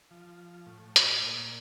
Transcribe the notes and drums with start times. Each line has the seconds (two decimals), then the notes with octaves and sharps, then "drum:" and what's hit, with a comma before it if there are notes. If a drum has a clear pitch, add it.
0.11 F3
0.66 A2
0.96 drum: hi-hat
1.22 A#2